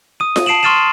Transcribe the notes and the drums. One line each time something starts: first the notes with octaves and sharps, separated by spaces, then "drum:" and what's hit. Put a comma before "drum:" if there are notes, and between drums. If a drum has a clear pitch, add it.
D#6 D#7
drum: snare F4
A5 C7 D7 E7 F#7
C6 C#6 F6 A6 D#7 E7